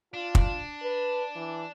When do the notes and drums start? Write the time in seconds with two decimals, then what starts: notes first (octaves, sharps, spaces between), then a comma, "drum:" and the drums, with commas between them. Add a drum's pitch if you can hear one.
0.14 D4 F4
0.35 drum: kick
0.83 B4
1.36 E3